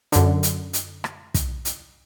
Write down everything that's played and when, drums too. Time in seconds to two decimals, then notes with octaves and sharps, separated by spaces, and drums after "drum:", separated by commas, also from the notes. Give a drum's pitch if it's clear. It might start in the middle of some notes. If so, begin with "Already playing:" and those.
0.12 F#2 D3, drum: hi-hat
0.43 drum: hi-hat
0.73 drum: hi-hat
1.04 drum: rim click
1.34 drum: kick, hi-hat
1.65 drum: hi-hat